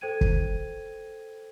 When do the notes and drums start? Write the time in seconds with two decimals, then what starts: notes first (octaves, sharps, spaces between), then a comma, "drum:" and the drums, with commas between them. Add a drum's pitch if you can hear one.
0.01 A4 C5 G5 G#6 D#7
0.21 drum: kick